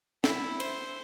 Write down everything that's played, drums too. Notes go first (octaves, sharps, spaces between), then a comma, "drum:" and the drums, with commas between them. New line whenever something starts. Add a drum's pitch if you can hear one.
E4, drum: snare
C5, drum: cymbal